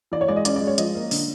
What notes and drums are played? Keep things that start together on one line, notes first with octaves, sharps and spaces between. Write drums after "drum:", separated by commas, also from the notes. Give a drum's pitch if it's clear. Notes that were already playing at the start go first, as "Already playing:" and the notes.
E3 D5
C#5
G#3 D5
D#5
C#4 D5, drum: hi-hat
D5
G#3
C#5
F3 D#5, drum: hi-hat
A#3
D3, drum: open hi-hat